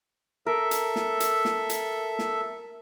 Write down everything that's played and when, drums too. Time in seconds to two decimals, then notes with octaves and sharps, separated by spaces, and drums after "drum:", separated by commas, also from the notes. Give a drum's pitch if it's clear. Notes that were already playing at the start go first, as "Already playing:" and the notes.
0.46 A4 A#4 E5
0.71 drum: hi-hat
0.96 drum: snare
1.20 drum: hi-hat
1.45 drum: snare
1.70 drum: hi-hat
2.19 drum: snare